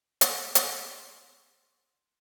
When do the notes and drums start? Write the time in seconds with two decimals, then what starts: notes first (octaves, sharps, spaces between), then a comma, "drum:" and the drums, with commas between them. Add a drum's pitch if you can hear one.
0.21 C6 A#6, drum: hi-hat
0.55 drum: hi-hat